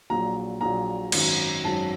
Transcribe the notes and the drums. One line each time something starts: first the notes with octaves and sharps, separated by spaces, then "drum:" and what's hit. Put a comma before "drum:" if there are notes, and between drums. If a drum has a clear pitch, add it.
A#1 A#2 F#3 A#5
A#1 A#2 F#3 A#5
G#1 F#2 D#3 F#3, drum: cymbal
G#1 F#2 D#3 F#3 A5